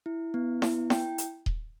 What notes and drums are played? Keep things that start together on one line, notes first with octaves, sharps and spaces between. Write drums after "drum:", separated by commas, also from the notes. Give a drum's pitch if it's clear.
E4
B3
E4, drum: snare E4
G5, drum: snare E4
drum: hi-hat
drum: kick D#1